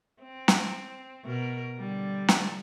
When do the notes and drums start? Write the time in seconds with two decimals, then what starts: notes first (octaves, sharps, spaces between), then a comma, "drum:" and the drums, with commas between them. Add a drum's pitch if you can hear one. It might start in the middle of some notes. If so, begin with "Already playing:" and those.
0.22 C4
0.48 drum: snare
1.25 B2 A#4
1.78 D3 G3
2.29 drum: snare